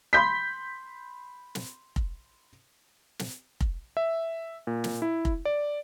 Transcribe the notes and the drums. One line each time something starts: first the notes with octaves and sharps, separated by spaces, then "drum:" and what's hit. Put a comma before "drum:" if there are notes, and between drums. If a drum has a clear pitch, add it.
B5 C6 G6 B6
drum: snare
drum: kick F1
drum: snare
drum: kick F1
E5
A#2
drum: snare
E4
drum: kick F1
D5